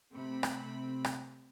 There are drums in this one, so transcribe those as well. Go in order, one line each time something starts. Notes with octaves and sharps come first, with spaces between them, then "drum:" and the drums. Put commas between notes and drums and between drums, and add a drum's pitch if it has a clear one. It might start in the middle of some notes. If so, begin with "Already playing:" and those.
C3 A3 C4 B5
drum: rim click
drum: rim click